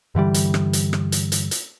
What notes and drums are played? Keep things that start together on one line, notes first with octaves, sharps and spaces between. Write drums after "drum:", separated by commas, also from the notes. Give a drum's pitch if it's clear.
G2 D3 E3 G3
drum: hi-hat
drum: rim click
drum: hi-hat
drum: rim click
drum: hi-hat
drum: hi-hat
drum: hi-hat